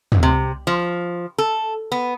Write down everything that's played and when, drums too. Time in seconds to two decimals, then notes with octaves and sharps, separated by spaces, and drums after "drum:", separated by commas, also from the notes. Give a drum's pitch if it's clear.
0.12 drum: tom
0.23 C3
0.67 F3
1.38 A4
1.92 B3